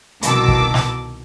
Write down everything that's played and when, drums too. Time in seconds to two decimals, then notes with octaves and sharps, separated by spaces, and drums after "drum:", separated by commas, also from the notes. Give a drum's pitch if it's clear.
0.22 C2 B2 D#3 A5 D6 E6, drum: hi-hat
0.48 drum: kick
0.74 drum: snare